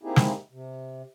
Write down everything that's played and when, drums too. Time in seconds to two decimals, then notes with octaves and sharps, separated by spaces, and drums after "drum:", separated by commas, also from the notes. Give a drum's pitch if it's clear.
0.03 A#3 C4 D#4 E4 G4 G#4
0.16 drum: snare
0.52 C3